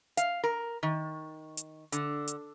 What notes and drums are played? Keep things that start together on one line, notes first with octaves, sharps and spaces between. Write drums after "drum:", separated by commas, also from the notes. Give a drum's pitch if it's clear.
F5, drum: hi-hat
A#4
D#3
drum: hi-hat
D3, drum: hi-hat
drum: hi-hat